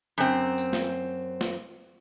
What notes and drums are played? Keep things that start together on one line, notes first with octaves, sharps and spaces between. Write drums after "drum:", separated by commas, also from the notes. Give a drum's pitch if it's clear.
F#2 C4
drum: tambourine
drum: snare
drum: snare